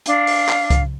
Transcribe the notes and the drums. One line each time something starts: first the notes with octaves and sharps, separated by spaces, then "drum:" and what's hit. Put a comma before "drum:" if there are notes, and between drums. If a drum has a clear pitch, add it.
D4 F5, drum: hi-hat
drum: open hi-hat
drum: clap
drum: kick C2, hi-hat